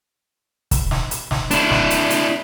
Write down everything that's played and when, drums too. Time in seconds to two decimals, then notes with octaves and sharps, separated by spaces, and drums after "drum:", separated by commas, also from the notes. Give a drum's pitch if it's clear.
0.71 drum: kick, hi-hat
0.91 drum: snare
1.11 drum: hi-hat
1.31 drum: snare
1.51 D4 E4, drum: hi-hat
1.71 drum: snare
1.90 drum: hi-hat
2.10 drum: hi-hat